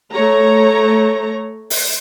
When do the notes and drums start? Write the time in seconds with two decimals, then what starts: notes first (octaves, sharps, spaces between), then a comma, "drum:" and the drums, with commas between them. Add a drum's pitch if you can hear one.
0.13 A3 C#5 A#5
1.70 drum: open hi-hat